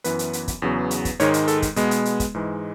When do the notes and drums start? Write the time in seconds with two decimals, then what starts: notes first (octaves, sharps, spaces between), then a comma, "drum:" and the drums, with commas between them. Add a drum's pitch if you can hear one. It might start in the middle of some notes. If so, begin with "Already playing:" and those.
0.04 F#2 E3 B3 B4, drum: hi-hat
0.19 drum: hi-hat
0.33 drum: hi-hat
0.48 drum: kick, hi-hat
0.62 E2 C#3 F#3 B3
0.91 drum: hi-hat
1.05 drum: kick, hi-hat
1.20 G#2 D#3 G#3 C#5, drum: hi-hat
1.34 drum: hi-hat
1.48 A4, drum: hi-hat
1.62 drum: kick, hi-hat
1.76 B2 G#3 B3, drum: hi-hat
1.91 drum: hi-hat
2.05 drum: hi-hat
2.20 drum: kick, hi-hat
2.35 G#2 E3 G#3